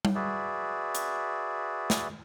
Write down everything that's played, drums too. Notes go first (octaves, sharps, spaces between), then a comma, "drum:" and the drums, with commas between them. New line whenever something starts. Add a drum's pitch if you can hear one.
drum: tom G3
F#4 G#4 B4 D5 E5
drum: hi-hat
drum: snare